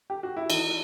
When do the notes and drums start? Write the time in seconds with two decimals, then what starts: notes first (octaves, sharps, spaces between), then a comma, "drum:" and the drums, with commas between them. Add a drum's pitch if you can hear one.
0.10 G4
0.23 F#4
0.37 E4
0.50 E3 D#4, drum: cymbal